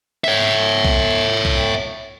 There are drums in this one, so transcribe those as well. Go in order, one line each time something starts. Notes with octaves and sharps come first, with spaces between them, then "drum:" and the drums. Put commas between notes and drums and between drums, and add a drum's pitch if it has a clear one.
C#5 E5
drum: kick B1
drum: kick B1